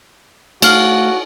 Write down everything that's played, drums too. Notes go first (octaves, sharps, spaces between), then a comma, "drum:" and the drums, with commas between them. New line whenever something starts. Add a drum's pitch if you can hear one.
A3 F#4 F5, drum: cymbal